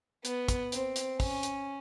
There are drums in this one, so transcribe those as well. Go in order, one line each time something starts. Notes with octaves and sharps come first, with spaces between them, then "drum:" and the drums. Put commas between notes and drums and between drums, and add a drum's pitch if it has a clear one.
B3, drum: hi-hat
drum: kick, hi-hat
C4, drum: hi-hat
drum: hi-hat
C#4, drum: kick, open hi-hat
drum: hi-hat